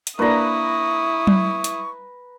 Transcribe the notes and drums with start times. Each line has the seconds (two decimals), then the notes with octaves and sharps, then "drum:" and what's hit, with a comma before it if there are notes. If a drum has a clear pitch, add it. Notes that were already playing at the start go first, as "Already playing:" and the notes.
0.07 drum: hi-hat
0.19 A#3 D4 E4 B4 A#5 C#6 D#6
1.27 drum: tom F#3
1.64 drum: hi-hat